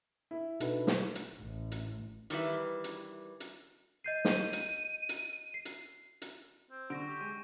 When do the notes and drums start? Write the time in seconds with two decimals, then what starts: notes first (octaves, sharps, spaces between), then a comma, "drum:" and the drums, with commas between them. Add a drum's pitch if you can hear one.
0.31 E4
0.60 B2 D4 D#4 F#4 A4 B4, drum: hi-hat
0.87 drum: snare
1.15 drum: hi-hat
1.41 A1
1.72 drum: hi-hat
2.30 D#3 E3 G3 B4 E5, drum: hi-hat
2.84 drum: hi-hat
3.40 drum: hi-hat
4.04 D#5 G6 C7 D#7
4.25 drum: snare
4.53 drum: hi-hat
5.09 drum: hi-hat
5.54 C7
5.65 drum: hi-hat
6.22 drum: hi-hat
6.71 C4
6.90 D3 C#6 A#6 D7
7.06 G4
7.21 G#3 D#7